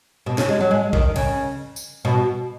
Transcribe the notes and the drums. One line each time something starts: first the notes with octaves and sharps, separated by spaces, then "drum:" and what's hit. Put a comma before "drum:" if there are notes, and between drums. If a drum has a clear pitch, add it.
B2
C#3, drum: snare
G#3
F#3
G#3
D#3, drum: kick A#1
C#3, drum: cymbal
drum: tambourine
B2